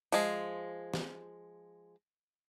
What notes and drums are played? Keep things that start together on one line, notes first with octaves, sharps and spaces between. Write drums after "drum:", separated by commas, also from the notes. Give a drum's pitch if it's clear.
F3 G#3, drum: open hi-hat
drum: snare